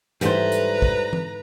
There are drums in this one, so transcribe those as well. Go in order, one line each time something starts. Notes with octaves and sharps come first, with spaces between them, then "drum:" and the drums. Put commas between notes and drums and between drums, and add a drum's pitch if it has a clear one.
G#2 E3 G3 A3 B4 C5 A#5, drum: hi-hat
drum: hi-hat
drum: kick
drum: tom E3